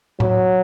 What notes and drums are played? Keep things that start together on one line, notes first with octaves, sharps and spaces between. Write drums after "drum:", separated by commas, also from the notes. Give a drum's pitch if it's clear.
F#3, drum: tom A2